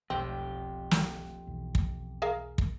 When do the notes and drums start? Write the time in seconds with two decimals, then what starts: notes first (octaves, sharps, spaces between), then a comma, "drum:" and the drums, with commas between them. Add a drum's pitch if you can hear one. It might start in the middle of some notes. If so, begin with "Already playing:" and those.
0.10 E1 B1 F2 C4 G4
0.91 drum: snare
1.47 B1 E2
1.75 drum: kick
2.22 G#4 A#4 F5
2.58 drum: kick